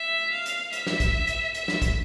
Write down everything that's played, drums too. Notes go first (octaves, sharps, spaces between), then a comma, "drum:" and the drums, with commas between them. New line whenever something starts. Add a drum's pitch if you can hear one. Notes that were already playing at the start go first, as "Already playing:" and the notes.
Already playing: E5
F5
drum: hi-hat
E5, drum: hi-hat
drum: snare
drum: kick, hi-hat
drum: hi-hat
E5, drum: hi-hat
drum: snare
drum: kick, hi-hat